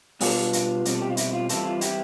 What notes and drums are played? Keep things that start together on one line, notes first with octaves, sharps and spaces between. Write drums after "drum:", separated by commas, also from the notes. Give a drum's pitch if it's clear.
B2 G3 B3 D4 F4, drum: open hi-hat
drum: hi-hat
B2 G3 C4, drum: hi-hat
A4
G4
F4
E4, drum: hi-hat
E4
F4
E3 G3 C4 E4 F4 A4, drum: hi-hat
F4
E4 G4, drum: hi-hat